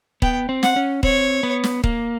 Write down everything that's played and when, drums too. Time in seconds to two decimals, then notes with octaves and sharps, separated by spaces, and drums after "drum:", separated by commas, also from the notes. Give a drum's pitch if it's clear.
0.22 B3 G5, drum: kick
0.49 C4
0.63 F#5, drum: snare
0.76 C#4
1.03 C4 C#5, drum: kick
1.43 B3
1.64 drum: snare
1.84 A#3, drum: kick